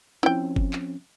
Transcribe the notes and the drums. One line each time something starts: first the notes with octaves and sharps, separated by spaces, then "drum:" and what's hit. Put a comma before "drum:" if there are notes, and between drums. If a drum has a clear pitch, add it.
F3 C4 C#4 E4 G5
drum: kick F#1
drum: clap